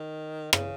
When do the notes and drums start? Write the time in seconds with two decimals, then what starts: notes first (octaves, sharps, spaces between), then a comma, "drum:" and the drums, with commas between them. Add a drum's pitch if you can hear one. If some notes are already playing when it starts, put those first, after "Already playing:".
Already playing: D#3
0.53 C#3, drum: rim click